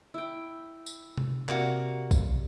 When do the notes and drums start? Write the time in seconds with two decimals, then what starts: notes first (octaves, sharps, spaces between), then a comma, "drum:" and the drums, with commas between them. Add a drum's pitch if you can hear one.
0.14 E4 G5
0.86 drum: tambourine
1.17 drum: tom C3
1.49 C3 A#3 F#4 A#4 D5 E5, drum: clap
2.11 drum: kick B1, tambourine